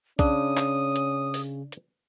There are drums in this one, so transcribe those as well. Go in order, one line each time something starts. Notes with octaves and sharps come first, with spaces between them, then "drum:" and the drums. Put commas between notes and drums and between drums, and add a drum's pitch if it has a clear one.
C#3 C#4 D4 D#6, drum: kick, hi-hat
drum: clap
drum: hi-hat
drum: open hi-hat
drum: hi-hat